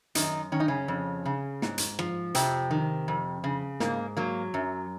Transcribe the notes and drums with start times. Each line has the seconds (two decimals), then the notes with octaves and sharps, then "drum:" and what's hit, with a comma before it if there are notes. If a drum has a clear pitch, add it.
0.15 F#2 D#3 D#4, drum: hi-hat
0.52 D#3 C#4
0.60 D#4
0.68 C#3 C#4
0.88 F2
1.25 C#3
1.62 G#2, drum: snare
1.78 drum: hi-hat
1.99 F3, drum: rim click
2.35 F2 C3 C4, drum: hi-hat
2.71 D#3
3.08 F2
3.44 C#3
3.80 G#2 A#3, drum: snare
4.17 F#3 A#3
4.54 F#2